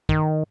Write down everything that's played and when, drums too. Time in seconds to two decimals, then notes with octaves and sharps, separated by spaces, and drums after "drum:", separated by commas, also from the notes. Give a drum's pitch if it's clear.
0.09 D#3, drum: kick